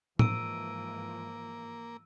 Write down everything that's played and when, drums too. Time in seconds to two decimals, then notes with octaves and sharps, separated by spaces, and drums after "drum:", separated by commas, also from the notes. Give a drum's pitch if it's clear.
0.19 G#2 E3 F3 A#3 E6 D7 D#7, drum: tom